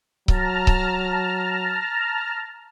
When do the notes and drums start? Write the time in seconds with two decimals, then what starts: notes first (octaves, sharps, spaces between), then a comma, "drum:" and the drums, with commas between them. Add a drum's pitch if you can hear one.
0.28 F#3 A5 A#5 F6, drum: kick C#1
0.67 drum: kick C#1